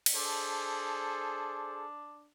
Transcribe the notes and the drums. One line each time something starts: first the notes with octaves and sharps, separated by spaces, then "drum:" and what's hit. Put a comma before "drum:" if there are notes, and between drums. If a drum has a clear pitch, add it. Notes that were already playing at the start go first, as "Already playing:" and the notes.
drum: cymbal
D4 G#4 A4 C5